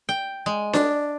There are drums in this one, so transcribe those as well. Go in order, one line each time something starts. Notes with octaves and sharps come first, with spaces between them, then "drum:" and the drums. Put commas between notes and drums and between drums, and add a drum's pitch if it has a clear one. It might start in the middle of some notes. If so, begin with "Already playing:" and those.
G5
G#3
D4, drum: snare D4